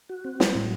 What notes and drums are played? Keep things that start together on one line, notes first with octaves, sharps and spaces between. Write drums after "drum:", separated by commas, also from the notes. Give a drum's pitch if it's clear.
F#4
C4
F#3, drum: snare
A2